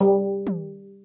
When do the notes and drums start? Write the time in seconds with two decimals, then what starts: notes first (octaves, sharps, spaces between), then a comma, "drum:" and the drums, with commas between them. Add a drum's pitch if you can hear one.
0.01 G3
0.47 drum: tom